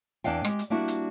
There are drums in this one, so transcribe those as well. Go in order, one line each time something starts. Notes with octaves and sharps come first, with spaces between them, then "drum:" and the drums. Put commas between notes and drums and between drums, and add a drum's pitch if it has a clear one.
E2 D4 D#5 F5 G5
G#3 G4, drum: rim click
drum: hi-hat
G3 A#3 D4 E4 F#4
drum: hi-hat